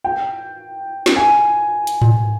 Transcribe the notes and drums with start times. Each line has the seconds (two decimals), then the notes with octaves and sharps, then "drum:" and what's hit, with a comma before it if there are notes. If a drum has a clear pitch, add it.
0.04 G5
1.06 drum: snare
1.16 G#5
1.87 drum: hi-hat
2.01 drum: tom G#2